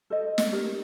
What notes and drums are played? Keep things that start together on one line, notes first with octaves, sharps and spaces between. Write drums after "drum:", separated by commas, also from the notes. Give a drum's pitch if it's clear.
A4 C5 D#5
drum: snare
D4 G4 A#4